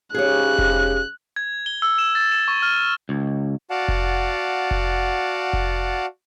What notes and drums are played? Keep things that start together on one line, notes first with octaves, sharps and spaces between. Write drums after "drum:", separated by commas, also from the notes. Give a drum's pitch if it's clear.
G#2 C#3 G4 G#4 C#5 F#6
drum: kick F1
G#6
G7
E6
E7
A6
E7
C#6
F6
C#2
F#4 D5 F5 F#5 A5
drum: kick F1
drum: kick F1
drum: kick F1